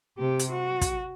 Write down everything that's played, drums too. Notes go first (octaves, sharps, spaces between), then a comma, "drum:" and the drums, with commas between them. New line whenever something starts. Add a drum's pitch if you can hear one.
C3 G4
drum: hi-hat
F#4
drum: kick, hi-hat